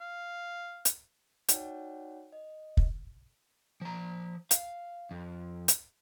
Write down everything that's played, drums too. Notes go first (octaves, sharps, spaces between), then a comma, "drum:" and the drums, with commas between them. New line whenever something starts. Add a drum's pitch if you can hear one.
F5
drum: hi-hat
D#4 F#4 C#5 D5 F#5 G5, drum: hi-hat
D#5
drum: kick
F3 A#5
F5, drum: hi-hat
F2
drum: hi-hat